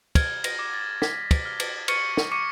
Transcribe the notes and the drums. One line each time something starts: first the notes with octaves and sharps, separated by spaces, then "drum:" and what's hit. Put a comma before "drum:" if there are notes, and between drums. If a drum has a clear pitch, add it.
F6 G#6, drum: kick, cymbal
A#6, drum: cymbal
D6
A6
D6 B6, drum: snare
drum: kick, cymbal
F6
drum: cymbal
C#6 F6 C#7, drum: cymbal
drum: snare
C#6 D6 C#7